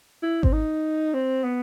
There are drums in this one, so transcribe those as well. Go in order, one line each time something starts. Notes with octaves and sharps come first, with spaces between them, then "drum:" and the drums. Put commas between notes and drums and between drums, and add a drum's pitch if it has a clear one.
E4
C4, drum: kick G#1
D#4
C4
B3